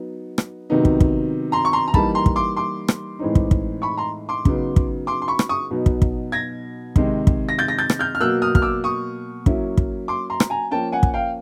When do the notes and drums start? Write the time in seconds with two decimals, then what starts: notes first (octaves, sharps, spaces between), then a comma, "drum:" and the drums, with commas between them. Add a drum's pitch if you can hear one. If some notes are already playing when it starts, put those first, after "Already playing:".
Already playing: F#3 B3 D#4
0.38 drum: rim click
0.70 C3 D#3 F#3 B3 D#4
0.85 drum: kick
1.00 drum: kick
1.52 A#5 C6
1.65 C#6
1.73 A#5 C6
1.88 A#5
1.94 E3 G3 A#3 D#4 A5 B5, drum: kick
2.15 A#5 C6
2.26 drum: kick
2.36 C6 D6
2.56 C6 D6
2.88 drum: rim click
3.19 A2 E3 G#3 C4 D#4
3.35 drum: kick
3.51 drum: kick
3.82 B5 C#6
3.97 A#5 C6
4.29 C6 D6
4.45 C#3 F#3 B3 D#4, drum: kick
4.76 drum: kick
5.07 C6 D6
5.22 C6
5.28 B5 C#6
5.39 drum: rim click
5.49 C#6 D#6
5.71 B2 F#3 B3 D#4
5.86 drum: kick
6.02 drum: kick
6.32 G#6 A#6
6.96 C3 D#3 G#3, drum: kick
7.27 drum: kick
7.49 A#6
7.59 G6 A6
7.68 A#6
7.79 G6 A6
7.90 drum: rim click
7.99 F6 G6
8.15 F6
8.21 B2 F#3 A#3 E6 F#6
8.42 D#6 F6
8.55 F6, drum: kick
8.62 D6 E6
8.84 C#6 D#6
9.46 F#3 A#3 C#4 E4, drum: kick
9.77 drum: kick
10.08 C6 D6
10.30 A#5 C6
10.40 drum: rim click
10.50 G#5 A#5
10.71 F3 A#3 C#4 G5 A5
10.92 F#5 G#5
11.03 drum: kick
11.14 F5 G5